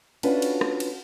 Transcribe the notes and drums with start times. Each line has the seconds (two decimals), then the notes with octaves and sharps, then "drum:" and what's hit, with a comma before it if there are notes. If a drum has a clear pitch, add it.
0.23 C#4 D4 F4 F#4 A4 B4, drum: cymbal
0.42 drum: cymbal
0.61 drum: rim click
0.80 drum: cymbal